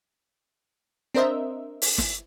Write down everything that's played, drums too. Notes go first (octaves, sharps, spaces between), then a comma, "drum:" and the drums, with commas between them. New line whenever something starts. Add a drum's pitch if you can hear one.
C4 D4 A#4 C5 D#5 E5
drum: open hi-hat
drum: snare